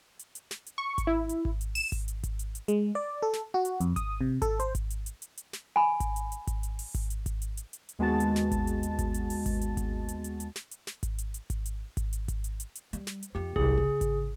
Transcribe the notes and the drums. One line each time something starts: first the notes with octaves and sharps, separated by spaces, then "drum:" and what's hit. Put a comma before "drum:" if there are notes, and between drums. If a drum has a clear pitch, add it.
drum: hi-hat
drum: hi-hat
drum: snare
drum: hi-hat
C#6
drum: kick G#1, hi-hat
E4
drum: hi-hat
drum: kick G#1
drum: hi-hat
E7, drum: open hi-hat
drum: kick G#1, hi-hat
drum: hi-hat
drum: kick G#1, hi-hat
drum: hi-hat
drum: hi-hat
G#3, drum: hi-hat
D5
A4
drum: snare
F#4
drum: hi-hat
F2, drum: hi-hat
D#6, drum: kick G#1, hi-hat
C3
A4, drum: kick G#1, hi-hat
C5, drum: hi-hat
drum: kick G#1, hi-hat
drum: hi-hat
drum: hi-hat
drum: hi-hat
drum: hi-hat
drum: snare
G#5 B5
drum: kick G#1, hi-hat
drum: hi-hat
drum: hi-hat
drum: kick G#1, hi-hat
drum: hi-hat
drum: open hi-hat
drum: kick G#1, hi-hat
drum: hi-hat
drum: kick G#1, hi-hat
drum: hi-hat
drum: hi-hat
drum: hi-hat
drum: hi-hat
D#2 G#3 B3 F#4 A5 A6
drum: hi-hat
drum: snare
drum: kick G#1, hi-hat
drum: hi-hat
drum: hi-hat
drum: kick G#1, hi-hat
drum: hi-hat
drum: open hi-hat
drum: kick G#1, hi-hat
drum: hi-hat
drum: kick G#1, hi-hat
drum: hi-hat
drum: hi-hat
drum: hi-hat
drum: snare
drum: hi-hat
drum: snare
drum: kick G#1, hi-hat
drum: hi-hat
drum: hi-hat
drum: kick G#1, hi-hat
drum: hi-hat
drum: kick G#1, hi-hat
drum: hi-hat
drum: kick G#1, hi-hat
drum: hi-hat
drum: hi-hat
drum: hi-hat
G3, drum: hi-hat
drum: snare
drum: hi-hat
F2 C4 G4
C2 F#3 G#4, drum: kick G#1
C#3
drum: kick G#1, hi-hat